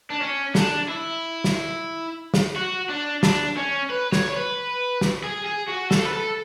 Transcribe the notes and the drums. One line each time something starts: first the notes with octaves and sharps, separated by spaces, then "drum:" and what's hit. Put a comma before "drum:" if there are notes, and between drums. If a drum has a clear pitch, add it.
D4
C#4
D4, drum: snare
E4
drum: snare
drum: snare
F#4
D4
D4, drum: snare
C#4
B4
C#5, drum: snare
C#5
B4
drum: snare
G#4
G#4
F#4
A4, drum: snare
B4
A4